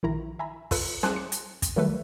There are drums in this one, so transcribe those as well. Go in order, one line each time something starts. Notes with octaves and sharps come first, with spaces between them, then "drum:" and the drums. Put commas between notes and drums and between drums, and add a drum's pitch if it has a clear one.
A#1 D#3 E4 A#5
E5 G#5 A#5 B5
F4 A4 B4, drum: kick, open hi-hat
C5 G#5 A5 C6 D6 F#6, drum: snare
C#7
drum: hi-hat
drum: kick, hi-hat
D#3 F#3 G3 A3 A4 B4